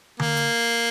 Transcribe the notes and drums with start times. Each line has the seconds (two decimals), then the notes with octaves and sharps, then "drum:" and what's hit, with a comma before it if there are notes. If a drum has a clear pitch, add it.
0.20 A#3, drum: tom D3
0.37 drum: hi-hat